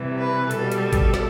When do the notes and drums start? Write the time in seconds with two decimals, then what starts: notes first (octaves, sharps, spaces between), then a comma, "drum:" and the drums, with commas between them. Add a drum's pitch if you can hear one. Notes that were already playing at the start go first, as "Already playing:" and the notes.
Already playing: C3 E3 G3
0.18 B4
0.51 B2 G3 A4, drum: hi-hat
0.72 drum: hi-hat
0.93 drum: kick G#1, hi-hat
1.14 drum: snare